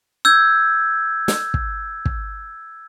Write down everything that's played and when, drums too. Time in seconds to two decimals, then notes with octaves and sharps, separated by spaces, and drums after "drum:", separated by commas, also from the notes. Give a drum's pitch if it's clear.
0.25 E6 G6 G#6
1.28 drum: snare
1.54 drum: kick
2.05 drum: kick